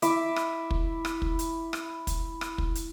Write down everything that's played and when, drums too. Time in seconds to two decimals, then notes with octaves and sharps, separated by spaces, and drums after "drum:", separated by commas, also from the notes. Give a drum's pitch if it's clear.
0.02 E4 E5 D6 E6, drum: hi-hat
0.36 drum: rim click
0.71 drum: kick
1.05 drum: rim click
1.22 drum: kick
1.39 drum: hi-hat
1.73 drum: rim click
2.07 drum: kick, hi-hat
2.41 drum: rim click
2.58 drum: kick
2.75 drum: hi-hat